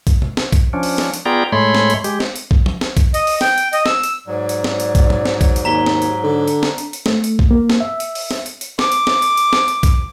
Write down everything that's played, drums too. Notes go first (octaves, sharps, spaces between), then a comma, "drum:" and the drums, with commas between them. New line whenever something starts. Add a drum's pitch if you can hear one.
drum: kick B1, hi-hat
drum: tom C3
drum: snare
drum: kick B1, hi-hat
F3 C#4 D4
drum: open hi-hat
drum: snare
drum: hi-hat
B3 F4 G#4 D5 G5 A#5
A2 G#3 A3 C#5 B5 C6
drum: snare
drum: hi-hat
G#3 G4, drum: hi-hat
drum: snare
drum: hi-hat
drum: kick B1
drum: tom F3
drum: snare
drum: kick B1, hi-hat
D#5, drum: hi-hat
drum: open hi-hat
G5, drum: snare
drum: hi-hat
D#5, drum: hi-hat
E6, drum: snare
drum: hi-hat
G#2 F#3 D5
drum: hi-hat
drum: snare
drum: hi-hat
drum: kick B1, hi-hat
drum: tom A#2
drum: snare
drum: kick B1, hi-hat
drum: hi-hat
D#2 A#5 B6 G7
drum: snare
drum: hi-hat
D3 D4
drum: hi-hat
drum: snare
drum: hi-hat
drum: hi-hat
A3, drum: snare
drum: hi-hat
drum: kick B1
A#3
drum: snare
E5
drum: hi-hat
drum: open hi-hat
drum: snare
drum: hi-hat
drum: hi-hat
D6, drum: snare
drum: hi-hat
drum: snare
drum: hi-hat
drum: hi-hat
drum: snare
drum: hi-hat
drum: kick B1, hi-hat